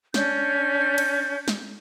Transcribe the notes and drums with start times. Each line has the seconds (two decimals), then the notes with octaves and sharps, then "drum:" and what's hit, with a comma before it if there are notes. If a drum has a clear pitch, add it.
0.14 C#4 D4 G6, drum: snare
0.98 drum: cymbal
1.48 drum: snare